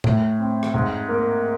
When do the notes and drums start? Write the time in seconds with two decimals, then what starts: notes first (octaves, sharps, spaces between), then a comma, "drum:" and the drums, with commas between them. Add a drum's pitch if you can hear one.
0.04 A2, drum: tom
0.39 C4
0.63 drum: rim click
0.74 G#2
1.08 A#3